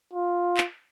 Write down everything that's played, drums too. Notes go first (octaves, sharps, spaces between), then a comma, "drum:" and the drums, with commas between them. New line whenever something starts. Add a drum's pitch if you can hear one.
F4
drum: clap